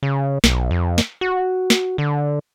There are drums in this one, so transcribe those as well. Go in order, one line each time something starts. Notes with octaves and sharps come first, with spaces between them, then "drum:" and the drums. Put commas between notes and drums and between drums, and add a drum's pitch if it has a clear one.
C#3
B1, drum: snare
F2
drum: snare
F#4
drum: snare
D3